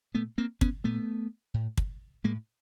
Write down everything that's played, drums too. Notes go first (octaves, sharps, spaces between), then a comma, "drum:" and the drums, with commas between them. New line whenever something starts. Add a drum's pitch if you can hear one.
A#2 A3 B3
A#3 C4
B3 C#4, drum: kick
A#2 A3 B3
A2
drum: kick
A2 G#3 A#3